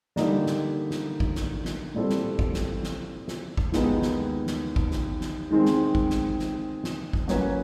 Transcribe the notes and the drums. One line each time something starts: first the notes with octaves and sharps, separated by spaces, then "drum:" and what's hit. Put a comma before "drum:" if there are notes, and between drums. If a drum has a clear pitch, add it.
D3 G3 A#3 D#4, drum: snare
drum: snare
drum: snare
drum: kick
drum: snare
drum: snare
A#2 G3 C4 E4 A4
drum: snare
drum: kick
drum: snare
drum: snare
drum: snare
drum: kick
D#2 D#3 G#3 B3 D#4, drum: snare
drum: snare
drum: snare
drum: kick
drum: snare
drum: snare
D#3 G#3 C4
drum: snare
drum: kick
drum: snare
drum: snare
drum: snare
drum: kick
F#3 A#3 C#4 F#4 B4, drum: snare